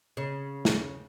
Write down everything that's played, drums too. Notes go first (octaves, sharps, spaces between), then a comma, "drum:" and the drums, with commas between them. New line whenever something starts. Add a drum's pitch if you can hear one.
C#3
drum: snare